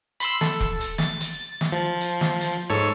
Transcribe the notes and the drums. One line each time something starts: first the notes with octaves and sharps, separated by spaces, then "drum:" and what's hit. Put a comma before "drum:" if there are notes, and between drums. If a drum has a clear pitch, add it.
B5 C6 E6, drum: hi-hat
A4, drum: snare
drum: kick E1
drum: hi-hat
A6, drum: snare
drum: hi-hat
drum: snare
F3
drum: hi-hat
drum: snare
drum: hi-hat
G#2 A4 C#5